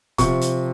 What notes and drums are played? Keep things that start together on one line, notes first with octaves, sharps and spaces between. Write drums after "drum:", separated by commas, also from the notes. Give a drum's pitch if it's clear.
C3 F3 C#6, drum: kick, hi-hat
drum: hi-hat